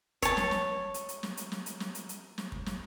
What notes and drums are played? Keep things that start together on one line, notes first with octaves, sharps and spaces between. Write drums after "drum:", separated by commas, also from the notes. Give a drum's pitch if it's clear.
C#5 A5, drum: kick, hi-hat
drum: snare
drum: snare
drum: hi-hat
drum: hi-hat
drum: snare
drum: hi-hat
drum: snare
drum: hi-hat
drum: snare
drum: hi-hat
drum: hi-hat
drum: snare
drum: kick
drum: snare